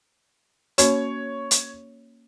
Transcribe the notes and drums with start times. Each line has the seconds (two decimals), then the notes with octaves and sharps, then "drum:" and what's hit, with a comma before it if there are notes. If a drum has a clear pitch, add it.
0.78 A#3 C#4 F#4 C#5, drum: hi-hat
1.51 drum: hi-hat